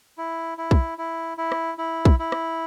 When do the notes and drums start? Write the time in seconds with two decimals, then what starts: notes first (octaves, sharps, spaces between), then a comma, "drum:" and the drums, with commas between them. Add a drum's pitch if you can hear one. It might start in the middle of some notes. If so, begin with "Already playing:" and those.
0.18 E4
0.58 E4
0.71 drum: kick
0.98 E4
1.38 E4
1.52 drum: rim click
1.78 E4
2.05 drum: kick
2.19 E4
2.32 drum: rim click